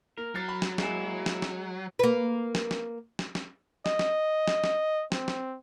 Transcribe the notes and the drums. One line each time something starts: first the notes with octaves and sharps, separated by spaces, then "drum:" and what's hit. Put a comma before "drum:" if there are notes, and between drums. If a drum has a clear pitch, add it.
A#3 A#4
F#3 A6 C7
B5
drum: snare
G#3 A#3 E4 G#5, drum: snare
drum: snare
drum: snare
A#3 B4
drum: snare
drum: snare
drum: snare
drum: snare
D#5, drum: snare
drum: snare
drum: snare
drum: snare
C4, drum: snare
drum: snare